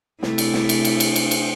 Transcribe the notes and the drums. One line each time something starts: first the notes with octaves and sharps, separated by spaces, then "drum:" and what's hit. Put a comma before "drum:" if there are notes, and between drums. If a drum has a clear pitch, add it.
C3 A3 E4, drum: snare
drum: cymbal
drum: snare
drum: cymbal
drum: cymbal
drum: cymbal
drum: cymbal
drum: cymbal